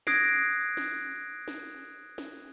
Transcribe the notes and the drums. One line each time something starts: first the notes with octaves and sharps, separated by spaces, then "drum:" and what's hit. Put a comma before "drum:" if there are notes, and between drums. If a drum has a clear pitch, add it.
D#6 F#6 G#6 A#6 C7 D7, drum: snare
drum: snare
drum: snare
drum: snare